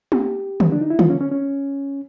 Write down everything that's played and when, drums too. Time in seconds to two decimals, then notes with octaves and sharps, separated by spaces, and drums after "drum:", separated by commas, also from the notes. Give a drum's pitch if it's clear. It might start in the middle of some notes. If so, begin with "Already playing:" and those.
0.12 G4, drum: tom
0.60 drum: tom
0.72 D4
0.81 D#4
0.90 E4
0.99 F4, drum: tom
1.10 C#4
1.21 C#4
1.31 C#4